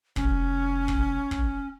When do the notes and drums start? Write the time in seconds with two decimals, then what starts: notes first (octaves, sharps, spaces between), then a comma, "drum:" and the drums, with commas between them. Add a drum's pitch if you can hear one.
0.16 F1 C#4, drum: kick
0.88 drum: kick
1.31 drum: kick